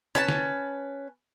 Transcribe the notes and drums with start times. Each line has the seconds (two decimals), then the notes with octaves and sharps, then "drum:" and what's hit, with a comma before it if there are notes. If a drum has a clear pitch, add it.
0.15 C#4 B4 A5, drum: rim click
0.28 drum: snare